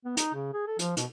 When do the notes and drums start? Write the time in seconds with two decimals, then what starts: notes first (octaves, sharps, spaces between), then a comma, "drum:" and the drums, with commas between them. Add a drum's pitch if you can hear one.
0.05 B3
0.17 D#4, drum: hi-hat
0.34 C#3
0.53 G#4
0.67 A4
0.79 F3, drum: hi-hat
0.97 B2, drum: hi-hat